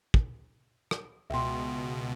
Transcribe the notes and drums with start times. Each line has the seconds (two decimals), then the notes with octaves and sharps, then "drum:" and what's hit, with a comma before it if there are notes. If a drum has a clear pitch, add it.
0.14 drum: kick
0.91 drum: rim click
1.30 C#2 B2 E5 G5 C6